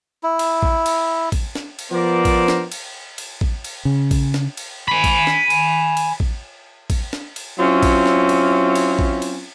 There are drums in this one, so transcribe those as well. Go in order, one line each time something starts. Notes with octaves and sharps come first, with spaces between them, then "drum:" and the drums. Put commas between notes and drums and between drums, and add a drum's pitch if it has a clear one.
E4
drum: cymbal
drum: kick
drum: cymbal
drum: kick, cymbal
drum: snare
drum: cymbal
F3 B3 A#4 C5 D5
drum: kick, cymbal
drum: snare
drum: cymbal
drum: cymbal
drum: kick
drum: cymbal
C#3
drum: kick, cymbal
drum: snare
drum: cymbal
G#5 B5
drum: kick, cymbal
drum: snare
drum: cymbal
drum: cymbal
drum: kick
drum: kick, cymbal
drum: snare
drum: cymbal
F#3 C4 C#4 E4 F4
drum: kick, cymbal
drum: snare
drum: cymbal
drum: cymbal
drum: kick
drum: cymbal